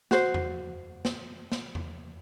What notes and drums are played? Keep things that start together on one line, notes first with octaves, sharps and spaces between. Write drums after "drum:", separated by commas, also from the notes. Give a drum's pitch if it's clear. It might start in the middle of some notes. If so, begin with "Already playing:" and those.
F#4 C5, drum: snare
drum: tom E2
drum: snare
drum: snare
drum: tom E2